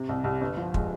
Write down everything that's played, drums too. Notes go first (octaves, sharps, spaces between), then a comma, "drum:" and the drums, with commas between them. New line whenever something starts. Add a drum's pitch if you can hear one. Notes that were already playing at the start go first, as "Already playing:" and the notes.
Already playing: C3
C2
C2
G1
F3
G#3, drum: kick